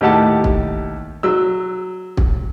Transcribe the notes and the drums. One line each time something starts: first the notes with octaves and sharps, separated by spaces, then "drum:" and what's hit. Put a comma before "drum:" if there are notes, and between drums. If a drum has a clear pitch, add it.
D#2 A2 G4 F#5 A5
drum: kick
F#3 E6
drum: kick